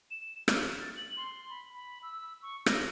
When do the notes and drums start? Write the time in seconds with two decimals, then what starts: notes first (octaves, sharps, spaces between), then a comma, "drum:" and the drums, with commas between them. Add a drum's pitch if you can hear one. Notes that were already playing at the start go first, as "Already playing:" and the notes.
0.11 E7
0.48 F6, drum: rim click
0.81 A6
0.96 F#7
1.17 C6
1.50 B5
1.73 B5
2.03 E6
2.42 C#6
2.66 A#6, drum: rim click